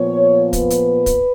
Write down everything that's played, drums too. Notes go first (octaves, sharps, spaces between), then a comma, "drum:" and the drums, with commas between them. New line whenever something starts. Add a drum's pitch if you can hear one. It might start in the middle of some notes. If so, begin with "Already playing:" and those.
Already playing: A#2 F3 B3 C#5
B4, drum: kick, hi-hat
drum: hi-hat
drum: kick, hi-hat